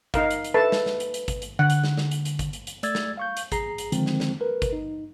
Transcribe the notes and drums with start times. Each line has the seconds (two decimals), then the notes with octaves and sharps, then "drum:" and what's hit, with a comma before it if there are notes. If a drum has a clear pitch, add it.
0.14 D#4 A#4 F5, drum: kick, hi-hat
0.31 drum: hi-hat
0.44 drum: hi-hat
0.54 A4 B4 E5 A5
0.72 drum: snare
0.86 drum: snare
1.00 drum: hi-hat
1.14 drum: hi-hat
1.28 drum: kick, hi-hat
1.42 drum: hi-hat
1.59 D3 F#5
1.70 drum: hi-hat
1.84 drum: snare
1.97 drum: snare
2.11 drum: hi-hat
2.25 drum: hi-hat
2.39 drum: kick, hi-hat
2.53 drum: hi-hat
2.67 drum: hi-hat
2.83 A3 D5 E6 G#6 A6, drum: hi-hat
2.95 drum: snare
3.17 F5 C#6 G6
3.37 drum: hi-hat
3.52 A1 G#4 A#5 C7, drum: kick, hi-hat
3.78 drum: hi-hat
3.92 D3 D#3 F3 G#3 C4, drum: hi-hat
4.06 drum: snare
4.20 drum: snare
4.41 A#4 B4
4.62 drum: kick, hi-hat
4.73 D#4